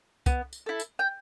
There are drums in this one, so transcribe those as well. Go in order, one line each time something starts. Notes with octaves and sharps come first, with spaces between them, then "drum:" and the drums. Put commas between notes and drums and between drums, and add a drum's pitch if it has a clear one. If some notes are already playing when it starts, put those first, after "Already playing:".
B3, drum: kick, tambourine
drum: tambourine
E4 A4
drum: tambourine
G5